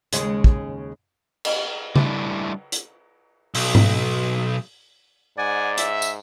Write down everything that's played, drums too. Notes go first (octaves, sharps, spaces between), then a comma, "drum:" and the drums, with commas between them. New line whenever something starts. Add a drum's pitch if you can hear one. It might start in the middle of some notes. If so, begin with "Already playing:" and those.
D#2 C#3 G#3, drum: hi-hat
drum: kick
drum: cymbal
G3 A3 D4 E4, drum: tom C#3
drum: hi-hat
B1, drum: open hi-hat
drum: tom G#2
G#2 D5 F#5 G#5
E5, drum: hi-hat
drum: tambourine